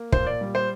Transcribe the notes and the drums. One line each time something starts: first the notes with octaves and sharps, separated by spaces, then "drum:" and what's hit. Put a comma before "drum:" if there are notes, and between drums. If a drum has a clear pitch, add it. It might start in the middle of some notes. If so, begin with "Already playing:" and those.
Already playing: A#3
A#2 C5, drum: kick
D5
G3
C5